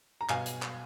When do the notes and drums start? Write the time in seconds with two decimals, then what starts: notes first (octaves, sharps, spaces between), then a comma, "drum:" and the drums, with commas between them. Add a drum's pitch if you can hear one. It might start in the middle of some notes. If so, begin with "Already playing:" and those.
0.21 A#5
0.29 B2 F5 G#5, drum: clap
0.46 drum: hi-hat
0.62 drum: clap